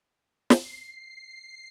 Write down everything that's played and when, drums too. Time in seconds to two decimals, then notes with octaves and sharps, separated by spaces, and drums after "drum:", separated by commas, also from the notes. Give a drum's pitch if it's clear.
0.50 drum: snare
0.64 C7